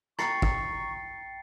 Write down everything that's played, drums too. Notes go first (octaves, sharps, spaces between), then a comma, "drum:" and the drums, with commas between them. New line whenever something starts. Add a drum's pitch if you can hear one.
G5 A#5 C#6 A6 C7 C#7, drum: rim click
drum: kick